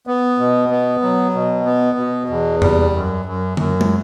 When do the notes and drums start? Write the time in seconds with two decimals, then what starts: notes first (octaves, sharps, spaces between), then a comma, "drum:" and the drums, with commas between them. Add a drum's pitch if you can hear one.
0.07 B3
0.38 B2
0.70 B3
1.02 F#3
1.34 B2
1.66 B3
1.98 B2
2.29 E2
2.62 G3, drum: tom E2
2.93 F#2
3.25 F#2
3.57 F#2, drum: tom D3
3.81 drum: tom